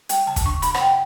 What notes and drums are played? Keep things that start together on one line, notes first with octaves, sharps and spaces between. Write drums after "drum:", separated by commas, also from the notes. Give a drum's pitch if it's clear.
G3 G5, drum: hi-hat
C#3 A5
drum: kick, hi-hat
D4 C#6
F#2 B5, drum: hi-hat
F#5, drum: rim click
G5